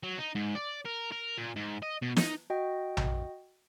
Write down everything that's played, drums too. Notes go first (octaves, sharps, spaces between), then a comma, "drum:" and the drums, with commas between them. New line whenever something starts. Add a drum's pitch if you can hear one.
F#3
D#4
G#2
D5
A#4
A#4
A#2
G#2
D#5
B2
D#4, drum: snare
F#4 D#5 G5
drum: tom A#1